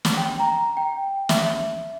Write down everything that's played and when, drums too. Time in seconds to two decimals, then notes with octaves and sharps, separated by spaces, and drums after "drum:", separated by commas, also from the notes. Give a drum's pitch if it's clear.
0.05 drum: snare
0.17 G5
0.40 A#5
0.77 G5
1.29 E5, drum: snare